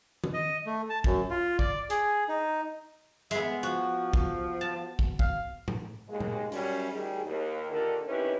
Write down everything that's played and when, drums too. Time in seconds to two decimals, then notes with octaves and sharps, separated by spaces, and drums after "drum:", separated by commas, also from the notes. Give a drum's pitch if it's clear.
0.24 drum: tom D#3
0.34 D#5
0.66 A3
0.90 A5
1.04 F#2, drum: kick
1.30 F4
1.59 D5, drum: kick
1.90 G#4, drum: hi-hat
2.28 D#4
3.31 G#3 B3 E5, drum: hi-hat
3.63 F3 F#4
4.13 drum: kick
4.61 A5
4.99 drum: kick
5.19 F5, drum: kick
5.68 drum: tom A2
6.08 D#2 G#3
6.20 drum: tom A#2
6.52 F#2 G3 C#4, drum: open hi-hat
6.92 D2 D#3 G3 G#4
7.25 D#2
7.70 A#2 D3 D#3 G4 A4 A#4
8.07 C3 D#3 C#4 E4 G4 B4